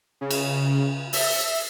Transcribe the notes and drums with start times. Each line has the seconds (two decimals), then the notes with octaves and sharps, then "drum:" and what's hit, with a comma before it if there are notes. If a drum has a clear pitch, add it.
0.21 C#3
0.30 drum: cymbal
1.13 E5, drum: open hi-hat